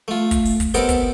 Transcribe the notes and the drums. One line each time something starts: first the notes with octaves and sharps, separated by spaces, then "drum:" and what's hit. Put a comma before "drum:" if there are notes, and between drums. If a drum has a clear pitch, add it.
A3 F4
drum: kick, hi-hat
drum: open hi-hat
drum: kick, hi-hat
B3 C4 G4 A4 A#4 D#5, drum: hi-hat
drum: kick, hi-hat